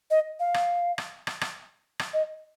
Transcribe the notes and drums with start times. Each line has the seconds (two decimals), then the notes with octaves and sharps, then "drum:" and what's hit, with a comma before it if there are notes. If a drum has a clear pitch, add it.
0.11 D#5
0.40 F5
0.54 drum: rim click
0.98 drum: rim click
1.27 drum: rim click
1.41 drum: rim click
1.99 drum: rim click
2.14 D#5